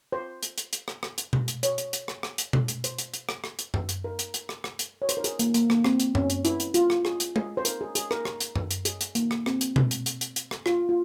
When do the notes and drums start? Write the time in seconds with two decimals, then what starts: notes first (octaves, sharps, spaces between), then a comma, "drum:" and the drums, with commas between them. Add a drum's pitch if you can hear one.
0.12 C5
0.43 drum: hi-hat
0.58 drum: hi-hat
0.73 drum: hi-hat
0.88 drum: rim click
1.03 drum: rim click
1.18 drum: hi-hat
1.33 drum: tom B2
1.48 drum: hi-hat
1.63 C#5, drum: hi-hat
1.78 drum: hi-hat
1.93 drum: hi-hat
2.08 drum: rim click
2.23 drum: rim click
2.38 drum: hi-hat
2.53 drum: tom B2
2.68 drum: hi-hat
2.84 C5, drum: hi-hat
2.98 drum: hi-hat
3.14 drum: hi-hat
3.29 drum: rim click
3.44 drum: rim click
3.59 drum: hi-hat
3.74 drum: tom F#2
3.89 drum: hi-hat
4.04 A#4
4.19 drum: hi-hat
4.34 drum: hi-hat
4.49 drum: rim click
4.64 drum: rim click
4.79 drum: hi-hat
5.02 C#5
5.09 C5, drum: hi-hat
5.17 A#4
5.24 G#4, drum: hi-hat
5.39 A#3, drum: hi-hat
5.54 A#3, drum: hi-hat
5.70 A#3, drum: rim click
5.84 C4, drum: rim click
6.00 drum: hi-hat
6.15 C#4, drum: tom F#2
6.30 drum: hi-hat
6.45 E4, drum: hi-hat
6.60 drum: hi-hat
6.74 F4, drum: hi-hat
6.90 drum: rim click
7.05 G#4, drum: rim click
7.20 drum: hi-hat
7.36 G#4, drum: tom G#3
7.57 C5
7.65 A#4, drum: hi-hat
7.81 G#4
7.95 G#4, drum: hi-hat
8.11 A#4, drum: rim click
8.25 drum: rim click
8.40 drum: hi-hat
8.56 drum: tom F#2
8.71 drum: hi-hat
8.85 G#4, drum: hi-hat
9.01 drum: hi-hat
9.15 A#3, drum: hi-hat
9.31 drum: rim click
9.46 C4, drum: rim click
9.61 drum: hi-hat
9.76 drum: tom B2
9.91 drum: hi-hat
10.06 drum: hi-hat
10.21 drum: hi-hat
10.36 drum: hi-hat
10.51 drum: rim click
10.66 F4, drum: rim click
10.89 F4